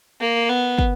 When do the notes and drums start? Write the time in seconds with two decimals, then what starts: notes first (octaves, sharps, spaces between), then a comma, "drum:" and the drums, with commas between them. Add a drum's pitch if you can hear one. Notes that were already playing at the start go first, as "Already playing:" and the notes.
0.20 A#3
0.49 B3
0.79 drum: kick